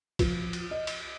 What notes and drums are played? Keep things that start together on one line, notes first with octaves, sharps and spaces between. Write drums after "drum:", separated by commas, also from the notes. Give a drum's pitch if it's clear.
F3, drum: kick, cymbal
drum: cymbal
D#5
drum: cymbal